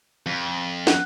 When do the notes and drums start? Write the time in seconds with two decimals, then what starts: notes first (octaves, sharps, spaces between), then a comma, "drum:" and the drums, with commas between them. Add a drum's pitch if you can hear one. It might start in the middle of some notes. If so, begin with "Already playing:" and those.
0.26 F2
0.87 F#5, drum: snare